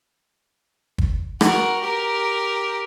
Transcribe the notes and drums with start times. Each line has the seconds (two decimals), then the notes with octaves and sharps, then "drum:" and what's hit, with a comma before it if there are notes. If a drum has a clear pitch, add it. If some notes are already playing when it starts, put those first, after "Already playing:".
0.98 drum: kick
1.41 F#4 A#4, drum: rim click
1.81 G4 A#4